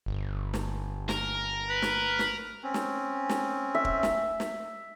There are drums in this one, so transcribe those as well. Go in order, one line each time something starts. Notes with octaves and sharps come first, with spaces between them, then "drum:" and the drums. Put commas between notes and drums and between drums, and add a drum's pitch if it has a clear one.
G1
drum: snare
A#4, drum: snare
B4
drum: snare
drum: snare
C4 C#4
drum: snare
drum: snare
E5
drum: kick
drum: snare
drum: snare